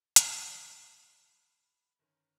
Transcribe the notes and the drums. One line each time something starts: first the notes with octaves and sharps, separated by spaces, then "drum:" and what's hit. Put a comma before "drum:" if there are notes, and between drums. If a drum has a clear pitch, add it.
drum: hi-hat
B5
G1 D#3 C#4